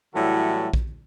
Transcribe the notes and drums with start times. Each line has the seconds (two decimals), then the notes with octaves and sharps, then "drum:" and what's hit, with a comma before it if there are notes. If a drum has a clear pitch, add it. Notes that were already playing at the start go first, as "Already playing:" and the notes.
0.15 A2 E3 F#3 G3 F#4 A4
0.73 drum: kick A#1